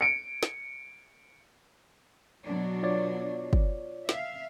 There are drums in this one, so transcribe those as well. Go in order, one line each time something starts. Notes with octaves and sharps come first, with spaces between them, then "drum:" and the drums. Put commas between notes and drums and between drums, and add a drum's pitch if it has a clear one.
C#7 D7
drum: snare
B2 F#3 D4
F4 C#5 D5
drum: kick
E5 F5, drum: snare